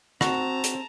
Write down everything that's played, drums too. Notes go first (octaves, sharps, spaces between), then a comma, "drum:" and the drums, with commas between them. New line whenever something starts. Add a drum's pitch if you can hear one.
C4 F#4 A5 A#5, drum: rim click
drum: hi-hat